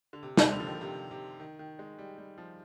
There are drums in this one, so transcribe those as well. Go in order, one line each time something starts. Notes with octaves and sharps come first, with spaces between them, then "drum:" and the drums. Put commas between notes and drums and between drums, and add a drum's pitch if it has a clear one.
D3
C3
C3, drum: snare
D3
F3
D#3
C3
C3
D#3
D#3
G#3
G3
G3
F3